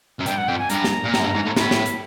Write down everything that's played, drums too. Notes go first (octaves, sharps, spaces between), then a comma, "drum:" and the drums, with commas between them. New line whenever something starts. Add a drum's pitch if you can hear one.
F#2
G2 G5, drum: hi-hat
F#5
F2 G5
G#5
G2 A#5, drum: hi-hat
drum: snare
A#2
A2, drum: snare
F#2
G2
G#2
A2
A2 B5, drum: snare
drum: snare
drum: hi-hat